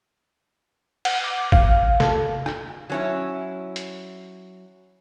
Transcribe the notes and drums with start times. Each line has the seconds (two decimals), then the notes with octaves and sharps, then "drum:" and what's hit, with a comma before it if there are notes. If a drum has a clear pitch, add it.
1.05 F#5, drum: cymbal
1.24 D6
1.52 F5, drum: kick
2.00 A4, drum: snare
2.46 drum: rim click
2.90 F#3 C#4 E4
3.76 drum: hi-hat